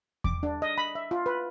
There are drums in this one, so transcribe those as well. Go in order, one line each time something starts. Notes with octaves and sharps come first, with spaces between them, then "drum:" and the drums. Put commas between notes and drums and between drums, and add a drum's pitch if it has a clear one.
D6, drum: kick E2
D4
D#5
B5
E5
F4
B4